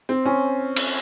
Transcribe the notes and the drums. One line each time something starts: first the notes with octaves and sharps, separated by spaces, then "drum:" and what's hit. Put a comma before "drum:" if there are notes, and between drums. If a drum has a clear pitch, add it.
C4
C#4
drum: cymbal